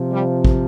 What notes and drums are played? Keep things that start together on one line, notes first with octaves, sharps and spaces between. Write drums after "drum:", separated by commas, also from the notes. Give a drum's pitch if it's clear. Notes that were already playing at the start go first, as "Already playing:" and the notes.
Already playing: C3 F3
G3
drum: kick A1